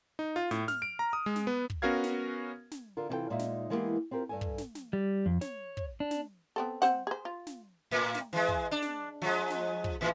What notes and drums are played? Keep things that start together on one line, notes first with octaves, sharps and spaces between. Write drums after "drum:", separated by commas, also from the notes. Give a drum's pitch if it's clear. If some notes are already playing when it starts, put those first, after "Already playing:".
D#4
F4
A2, drum: snare
F6, drum: snare
D7
A#5
D#6
G#3
drum: snare
B3
drum: kick
B3 C#4 F#4 A#4 F5 G#6
drum: snare
drum: snare
D3 F4 A#4
C3 E3 D#4 F4 A4 G5
A#2 G#3 D#4 F4 E5
drum: snare
E3 G#3 A#3 B3 F4 G4
C4 F4 G4 A#4
G2 A4 G#5
drum: kick
drum: snare
drum: snare
G3
F2
C#5, drum: snare
drum: kick
D4
drum: snare
B3 C4 A4
C4 C5 F#5, drum: snare
G#4 C5
F4
drum: snare
A2 A#3
drum: snare
E3 G#3
drum: kick
D4
drum: snare
F3 G#3
drum: snare
drum: kick
A2 E3